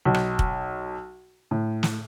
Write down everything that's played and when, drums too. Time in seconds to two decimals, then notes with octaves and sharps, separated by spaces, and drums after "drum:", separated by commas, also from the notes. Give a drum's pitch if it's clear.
0.05 B1
0.14 drum: rim click
0.39 drum: kick
1.51 A2
1.83 drum: snare